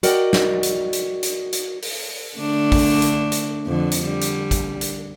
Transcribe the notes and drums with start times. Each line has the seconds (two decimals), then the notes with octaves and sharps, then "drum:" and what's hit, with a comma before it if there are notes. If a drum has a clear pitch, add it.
0.03 F#4 A#4 D5 D#5 F#5 G5, drum: hi-hat
0.33 drum: snare
0.63 drum: hi-hat
0.93 drum: hi-hat
1.23 drum: hi-hat
1.52 drum: hi-hat
1.82 drum: open hi-hat
2.38 D3 A3 D4
2.72 drum: kick, open hi-hat
3.02 drum: hi-hat
3.32 drum: hi-hat
3.66 F2 D3
3.91 drum: hi-hat
4.02 D3 G3
4.21 drum: hi-hat
4.51 drum: kick, hi-hat
4.81 drum: hi-hat